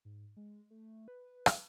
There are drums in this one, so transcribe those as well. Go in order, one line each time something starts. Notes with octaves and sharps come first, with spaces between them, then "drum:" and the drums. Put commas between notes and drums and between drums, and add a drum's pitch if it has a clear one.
G#2
G#3
A3
B4
drum: rim click